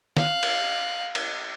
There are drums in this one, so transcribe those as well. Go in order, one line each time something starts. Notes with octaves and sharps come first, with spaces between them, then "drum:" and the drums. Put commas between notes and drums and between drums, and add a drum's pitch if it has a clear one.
F5 F#6, drum: snare D#3
drum: cymbal
drum: cymbal